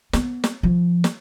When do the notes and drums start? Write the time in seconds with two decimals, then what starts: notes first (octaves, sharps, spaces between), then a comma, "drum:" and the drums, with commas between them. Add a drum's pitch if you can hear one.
0.13 B3, drum: snare
0.44 drum: snare
0.63 F3
1.04 drum: snare